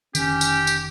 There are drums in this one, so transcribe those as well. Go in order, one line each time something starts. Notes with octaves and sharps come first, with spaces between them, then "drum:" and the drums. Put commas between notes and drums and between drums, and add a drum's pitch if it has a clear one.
F1 D3 D#3 C#4 G4, drum: tambourine
drum: tambourine
drum: tambourine